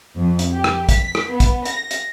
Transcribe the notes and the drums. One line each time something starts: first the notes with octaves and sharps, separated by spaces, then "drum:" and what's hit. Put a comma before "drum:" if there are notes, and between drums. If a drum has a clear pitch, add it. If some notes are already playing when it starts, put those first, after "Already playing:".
F2
drum: hi-hat
G4
drum: rim click
B6, drum: kick, hi-hat
drum: rim click
B3
drum: kick, hi-hat
A#6, drum: hi-hat
drum: hi-hat